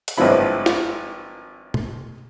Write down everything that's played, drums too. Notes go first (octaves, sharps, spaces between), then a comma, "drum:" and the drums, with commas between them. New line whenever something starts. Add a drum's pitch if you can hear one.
drum: hi-hat
G#1 G2 F3 B3 E4 B5
drum: snare
drum: tom